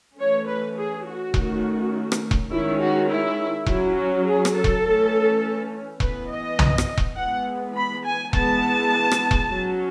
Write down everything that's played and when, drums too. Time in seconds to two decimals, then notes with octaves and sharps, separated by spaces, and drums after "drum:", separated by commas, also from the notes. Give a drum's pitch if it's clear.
0.18 E3 A3 C#4 C#5
0.46 B4
0.75 G#4
1.05 F#4
1.34 D#3 A3 C#4, drum: kick E1
2.12 drum: rim click
2.31 drum: kick E1
2.51 D#3 G#3 C#4 E4
2.80 F#4
3.09 E4
3.67 F#3 C#4 E4, drum: kick E1
3.96 F#4
4.26 G#4
4.45 drum: rim click
4.54 A4
4.64 drum: kick E1
4.84 E3 A3 C#4
6.00 E3 B3 B4, drum: kick E1
6.30 D#5
6.59 drum: tom
6.78 drum: rim click
6.98 drum: kick E1
7.17 E3 G#3 B3 F#5
7.75 B5
8.04 G#5
8.33 E3 G#3 B3 A5, drum: kick E1
9.11 drum: rim click
9.31 drum: kick E1
9.50 F#3 C#4